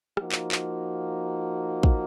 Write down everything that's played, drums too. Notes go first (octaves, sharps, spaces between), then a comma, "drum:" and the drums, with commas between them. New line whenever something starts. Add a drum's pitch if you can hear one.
F3 A#3 D#4 F#4, drum: rim click
drum: clap
drum: clap
drum: kick